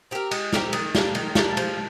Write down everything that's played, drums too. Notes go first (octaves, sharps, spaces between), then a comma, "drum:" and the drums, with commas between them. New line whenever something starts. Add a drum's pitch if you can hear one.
C4 G4 A#4
G#3, drum: cymbal
C4 G4 A#4, drum: snare
D#3, drum: cymbal
G3 A#3 D4, drum: snare
D#3, drum: cymbal
G3 A#3 D4, drum: snare
F3, drum: cymbal